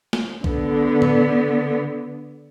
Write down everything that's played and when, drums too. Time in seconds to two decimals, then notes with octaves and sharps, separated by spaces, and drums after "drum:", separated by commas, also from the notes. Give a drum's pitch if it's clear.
0.13 drum: snare
0.44 D3 B3, drum: kick B1
1.02 drum: tom